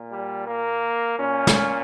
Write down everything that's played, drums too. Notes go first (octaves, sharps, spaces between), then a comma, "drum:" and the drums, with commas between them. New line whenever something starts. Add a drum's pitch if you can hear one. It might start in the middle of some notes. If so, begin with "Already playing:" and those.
Already playing: A#2
G3
A#3
A#2 C#4
drum: snare